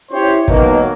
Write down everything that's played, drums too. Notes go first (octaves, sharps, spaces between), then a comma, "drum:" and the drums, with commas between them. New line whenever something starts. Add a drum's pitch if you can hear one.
C#4 E4 G4 C5 C#5
B2 D#3 F#3 A#3, drum: kick